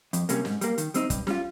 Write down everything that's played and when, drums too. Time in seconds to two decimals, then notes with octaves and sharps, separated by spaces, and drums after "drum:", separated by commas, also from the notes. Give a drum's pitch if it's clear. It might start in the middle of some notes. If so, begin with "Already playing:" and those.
0.13 F2, drum: hi-hat
0.29 C3 G3 A#3 C#4, drum: hi-hat
0.45 G#2, drum: snare
0.61 G3 A#3, drum: hi-hat
0.78 D#3, drum: hi-hat
0.94 G3 C4 D#4, drum: hi-hat
1.10 G2, drum: kick, hi-hat
1.27 G3 C#4 F4, drum: snare